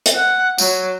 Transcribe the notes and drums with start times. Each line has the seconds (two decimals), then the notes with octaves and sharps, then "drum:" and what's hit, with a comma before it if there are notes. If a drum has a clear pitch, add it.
0.06 drum: hi-hat
0.16 F#5
0.58 F#3, drum: tambourine